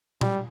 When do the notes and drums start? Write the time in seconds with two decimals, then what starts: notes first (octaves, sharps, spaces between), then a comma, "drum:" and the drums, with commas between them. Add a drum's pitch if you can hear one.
0.21 G3, drum: tom